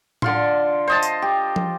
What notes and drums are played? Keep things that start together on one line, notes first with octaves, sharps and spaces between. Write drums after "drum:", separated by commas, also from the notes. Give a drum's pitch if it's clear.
D3 F4 C6, drum: tom A2
C5 D#5 A5
drum: tambourine
G4
drum: tom